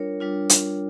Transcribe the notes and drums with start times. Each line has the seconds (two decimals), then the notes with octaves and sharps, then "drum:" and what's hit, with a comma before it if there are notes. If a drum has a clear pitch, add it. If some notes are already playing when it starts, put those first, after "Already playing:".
Already playing: G3 D4 F4 A#4 C#5
0.20 G3 D4 F4
0.49 drum: hi-hat